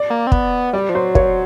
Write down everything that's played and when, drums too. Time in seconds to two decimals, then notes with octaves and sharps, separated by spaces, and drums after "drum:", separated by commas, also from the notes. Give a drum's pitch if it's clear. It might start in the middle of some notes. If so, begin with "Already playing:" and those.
Already playing: D5
0.10 A#3
0.27 C4
0.32 B3, drum: kick
0.73 G3 D5
0.89 F3
0.95 F#3 C5
1.15 C#5, drum: kick